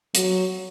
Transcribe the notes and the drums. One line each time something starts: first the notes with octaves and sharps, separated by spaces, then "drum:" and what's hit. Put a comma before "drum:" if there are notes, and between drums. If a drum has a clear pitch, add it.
F#3, drum: hi-hat